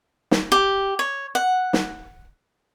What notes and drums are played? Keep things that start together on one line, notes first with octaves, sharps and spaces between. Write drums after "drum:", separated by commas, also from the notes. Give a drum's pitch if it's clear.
drum: snare
G4
C#5
F#5
drum: snare